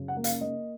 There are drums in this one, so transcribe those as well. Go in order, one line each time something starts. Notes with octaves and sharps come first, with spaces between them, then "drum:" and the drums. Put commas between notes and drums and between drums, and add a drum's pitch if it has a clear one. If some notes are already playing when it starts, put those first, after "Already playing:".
Already playing: F#2 C#3
F#5
A#3
F5, drum: hi-hat
A#3 D#5